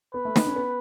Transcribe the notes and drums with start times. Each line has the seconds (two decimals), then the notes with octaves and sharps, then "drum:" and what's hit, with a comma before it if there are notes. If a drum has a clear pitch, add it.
0.14 B3 B4
0.25 A3
0.36 B3, drum: snare
0.47 C#4
0.56 B3